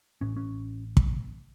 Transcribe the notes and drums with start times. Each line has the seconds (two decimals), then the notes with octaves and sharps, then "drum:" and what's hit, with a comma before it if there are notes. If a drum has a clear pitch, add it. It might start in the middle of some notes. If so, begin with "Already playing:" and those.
0.21 A1 A2 C#4
0.36 C#4
0.97 drum: kick